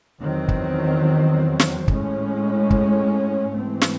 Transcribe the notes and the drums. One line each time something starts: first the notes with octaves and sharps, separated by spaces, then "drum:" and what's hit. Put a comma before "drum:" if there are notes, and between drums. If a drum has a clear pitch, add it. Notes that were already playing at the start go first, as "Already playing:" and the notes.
E2 D#3 F#3 C4
drum: kick
drum: snare
A2 G#3 C#4, drum: kick
drum: kick
G#2 E3 A3 C4
drum: snare